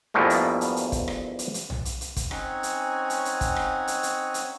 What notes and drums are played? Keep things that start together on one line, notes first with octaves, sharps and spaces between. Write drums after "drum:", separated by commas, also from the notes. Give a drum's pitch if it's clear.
E2 G2 B2 F3 A3 A#3
drum: hi-hat
drum: hi-hat
drum: hi-hat
drum: kick, hi-hat
drum: rim click
drum: hi-hat
drum: hi-hat
drum: tom
drum: hi-hat
drum: hi-hat
drum: kick, hi-hat
C4 C#4 D#4 C#5 F#5 G#5, drum: rim click
drum: hi-hat
drum: hi-hat
drum: hi-hat
drum: kick, hi-hat
drum: rim click
drum: hi-hat
drum: hi-hat
drum: hi-hat